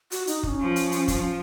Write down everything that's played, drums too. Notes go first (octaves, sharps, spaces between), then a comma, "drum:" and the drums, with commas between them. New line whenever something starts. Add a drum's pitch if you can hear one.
F#4, drum: hi-hat
D#4, drum: hi-hat
D#4, drum: kick
C#4
F3
drum: hi-hat
drum: hi-hat
F3, drum: kick, hi-hat